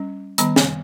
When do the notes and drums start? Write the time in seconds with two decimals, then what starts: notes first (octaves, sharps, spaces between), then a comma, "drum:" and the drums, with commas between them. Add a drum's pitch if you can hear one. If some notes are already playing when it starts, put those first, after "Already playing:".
Already playing: G3 C#4
0.38 D#3 G3 B3 A#5, drum: hi-hat
0.56 G#5, drum: snare